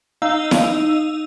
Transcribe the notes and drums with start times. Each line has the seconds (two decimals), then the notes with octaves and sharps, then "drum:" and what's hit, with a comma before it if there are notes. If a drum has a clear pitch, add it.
0.22 D#4 D#5 F5 E6
0.51 drum: snare E4